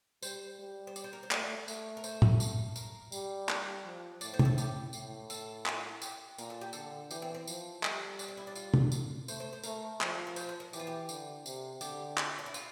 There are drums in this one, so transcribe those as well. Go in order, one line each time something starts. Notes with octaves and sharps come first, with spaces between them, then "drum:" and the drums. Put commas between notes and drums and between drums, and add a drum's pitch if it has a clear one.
G3 C5, drum: tambourine
G3
C5
D5, drum: tambourine
C5
A#4
C5
A3 D5, drum: clap
A3, drum: tambourine
A#4
C5, drum: tambourine
drum: tom
drum: tambourine
A#4, drum: tambourine
G3, drum: tambourine
D5, drum: clap
F3
A2 D5, drum: tambourine
C5
G4, drum: tom
A4
G4, drum: tambourine
A2, drum: tambourine
A4, drum: tambourine
drum: clap
G4, drum: tambourine
A#2 A#4, drum: tambourine
A4
G4
D3 A4, drum: tambourine
E3 G4, drum: tambourine
C4
C4
F3, drum: tambourine
G3, drum: clap
D4, drum: tambourine
C4
E4
D4
F4, drum: tambourine
drum: tom
drum: tambourine
A3 C5, drum: tambourine
C5
C5
A3 A#4, drum: tambourine
F3, drum: clap
A#4
C5, drum: tambourine
C5
A#4
E3 G4, drum: tambourine
F4
G4
D3, drum: tambourine
C3, drum: tambourine
D3 G4, drum: tambourine
drum: clap
D4
E4
F4, drum: tambourine